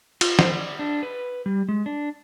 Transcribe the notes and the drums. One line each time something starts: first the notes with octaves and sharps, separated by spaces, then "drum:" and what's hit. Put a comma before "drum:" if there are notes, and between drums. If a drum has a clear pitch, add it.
F4, drum: cymbal
C5, drum: snare
D5
D4
B4
G3
G#3
D4